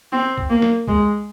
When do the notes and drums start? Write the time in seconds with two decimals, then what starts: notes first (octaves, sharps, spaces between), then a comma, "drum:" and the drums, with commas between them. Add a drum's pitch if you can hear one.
0.12 C4
0.38 drum: kick C#2
0.50 A#3
0.62 drum: snare
0.87 G#3, drum: kick C#2